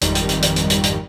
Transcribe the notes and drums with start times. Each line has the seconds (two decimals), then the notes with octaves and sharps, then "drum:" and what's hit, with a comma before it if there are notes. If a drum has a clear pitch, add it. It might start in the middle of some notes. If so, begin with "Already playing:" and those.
0.01 G#1 F2 D#3 G3, drum: hi-hat
0.15 drum: hi-hat
0.29 drum: hi-hat
0.42 drum: hi-hat
0.56 drum: hi-hat
0.70 drum: hi-hat
0.83 drum: hi-hat